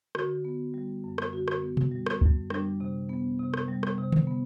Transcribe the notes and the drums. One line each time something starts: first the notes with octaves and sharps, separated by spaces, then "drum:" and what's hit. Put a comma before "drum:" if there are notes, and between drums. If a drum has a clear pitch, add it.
D3 F#4, drum: rim click
B3
G3
F#2
drum: rim click
D3 F#4
drum: rim click
B3
drum: tom B2
G3
drum: rim click
F#2, drum: kick
G3 D4, drum: rim click
C3
B3
C3
drum: rim click
G3
drum: rim click
C3
drum: tom D3
B3